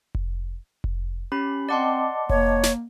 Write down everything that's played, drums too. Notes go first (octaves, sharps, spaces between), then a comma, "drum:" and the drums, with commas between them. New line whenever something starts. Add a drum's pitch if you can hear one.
drum: kick F1
drum: kick F1
C#4 G4 B5
C4 D5 D#5 F#5 A5 C6 D6
A#3 C#5, drum: kick F1
drum: snare